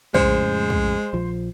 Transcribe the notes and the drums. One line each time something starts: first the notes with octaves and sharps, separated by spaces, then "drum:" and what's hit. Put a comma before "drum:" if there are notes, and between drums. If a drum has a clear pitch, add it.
F2 A2 C#3 G#3 C5, drum: kick
drum: kick
A#1 F3